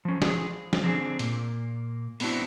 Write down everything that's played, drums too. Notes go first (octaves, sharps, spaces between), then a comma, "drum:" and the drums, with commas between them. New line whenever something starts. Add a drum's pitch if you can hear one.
F3 C#4
F3 G#4, drum: snare
drum: snare
D3 C4 D4 G#4
A#2 A#3, drum: hi-hat
A3 B3 C4 D4 E4 F#4, drum: open hi-hat